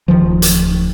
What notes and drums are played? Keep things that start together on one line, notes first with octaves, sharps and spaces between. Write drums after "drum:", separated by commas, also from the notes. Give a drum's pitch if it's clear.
D1 A#1 D#3 F3
drum: hi-hat